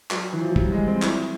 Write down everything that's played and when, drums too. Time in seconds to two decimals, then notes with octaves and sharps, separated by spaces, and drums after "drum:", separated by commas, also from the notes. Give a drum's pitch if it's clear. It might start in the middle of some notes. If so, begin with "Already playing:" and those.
0.11 F#3, drum: clap
0.33 E3
0.41 F3
0.49 F#3
0.56 G3, drum: kick
0.72 G#3
0.87 C4
1.02 E4, drum: clap